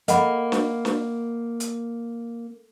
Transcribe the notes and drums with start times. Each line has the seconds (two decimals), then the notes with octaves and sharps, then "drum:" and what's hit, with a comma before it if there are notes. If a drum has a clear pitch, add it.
0.08 A#3 D#5 F#5 B5, drum: hi-hat
0.52 drum: snare
0.85 drum: snare
1.60 drum: hi-hat